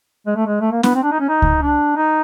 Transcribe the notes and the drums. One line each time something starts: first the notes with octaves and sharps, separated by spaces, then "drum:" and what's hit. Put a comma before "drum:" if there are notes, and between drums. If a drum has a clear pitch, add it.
G#3
A3
G#3
A3
A#3
B3, drum: snare
C4
D4
D#4
C#4
D#4
drum: kick C#2
D4
D#4